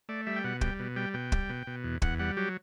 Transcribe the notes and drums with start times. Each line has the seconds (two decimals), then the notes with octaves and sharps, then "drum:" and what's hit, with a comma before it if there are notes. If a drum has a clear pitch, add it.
0.09 A3 D5
0.27 G3 E5
0.36 G5
0.44 B2 F#5
0.61 G3 G5, drum: kick
0.79 B2
0.96 G3 G5
1.14 B2 G5
1.32 G3, drum: kick
1.49 B2
1.67 B2
1.84 E2
2.02 E2 F#5, drum: kick
2.19 G3 F#5
2.37 F#3 G4